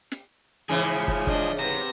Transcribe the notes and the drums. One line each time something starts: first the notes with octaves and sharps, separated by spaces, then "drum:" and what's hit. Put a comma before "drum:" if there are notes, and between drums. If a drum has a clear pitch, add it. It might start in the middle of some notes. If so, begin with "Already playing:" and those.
drum: snare
G#2 C#3 E3 F3 G#4
drum: kick
D4 D#5, drum: kick
C3 B3 A#6